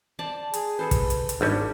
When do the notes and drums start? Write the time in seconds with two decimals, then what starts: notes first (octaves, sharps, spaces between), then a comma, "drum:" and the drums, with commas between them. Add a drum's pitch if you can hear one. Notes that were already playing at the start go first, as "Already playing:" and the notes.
0.19 C5 D5 A5
0.54 G#4, drum: hi-hat
0.79 G#4 A4 B4 C5
0.91 drum: kick, hi-hat
1.10 drum: hi-hat
1.29 drum: hi-hat
1.41 G#1 G3 C#4 D4